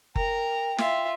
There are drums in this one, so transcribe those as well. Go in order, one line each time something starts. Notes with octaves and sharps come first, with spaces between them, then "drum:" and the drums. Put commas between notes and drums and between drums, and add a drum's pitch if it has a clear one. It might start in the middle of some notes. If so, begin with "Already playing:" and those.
A#4 G5 A#5, drum: kick F#1
F4 E5, drum: snare